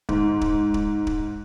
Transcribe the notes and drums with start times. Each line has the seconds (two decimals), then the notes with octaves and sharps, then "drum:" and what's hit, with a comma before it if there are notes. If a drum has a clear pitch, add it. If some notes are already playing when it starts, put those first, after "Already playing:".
0.09 G#2, drum: kick D1
0.41 drum: kick D1
0.74 drum: kick D1
1.07 drum: kick D1